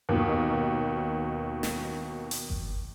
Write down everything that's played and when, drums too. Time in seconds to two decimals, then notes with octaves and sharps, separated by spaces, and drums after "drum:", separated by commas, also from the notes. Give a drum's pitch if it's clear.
0.09 D#2 B2
1.63 drum: snare
2.31 drum: hi-hat
2.50 drum: kick G1